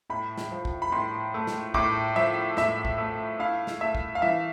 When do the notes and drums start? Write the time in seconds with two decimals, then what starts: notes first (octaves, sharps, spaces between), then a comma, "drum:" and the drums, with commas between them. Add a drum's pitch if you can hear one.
0.10 A2 B5
0.38 drum: snare
0.51 F3
0.65 drum: kick
0.82 B5
0.92 A2 C6
1.34 A3
1.47 drum: snare
1.74 A2 D6, drum: kick
2.16 F3 E5
2.57 A2 E5, drum: snare
2.85 drum: kick
2.98 A3
3.39 E4 F5
3.67 drum: snare
3.81 A3 E5
3.95 drum: kick
4.15 F5
4.22 E3 E5